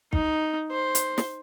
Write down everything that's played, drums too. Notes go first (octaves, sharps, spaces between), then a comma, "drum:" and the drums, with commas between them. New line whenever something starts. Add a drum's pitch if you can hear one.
D#4, drum: kick
C5
drum: hi-hat
drum: snare